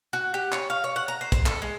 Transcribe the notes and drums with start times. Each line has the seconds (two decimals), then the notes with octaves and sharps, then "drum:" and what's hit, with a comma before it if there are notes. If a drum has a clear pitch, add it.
0.13 F#4
0.34 G4
0.52 C#5, drum: clap
0.70 F5
0.84 C#5
0.96 F#5
1.08 A#5
1.21 C5
1.32 C5, drum: kick, hi-hat
1.46 A4, drum: clap
1.62 G#3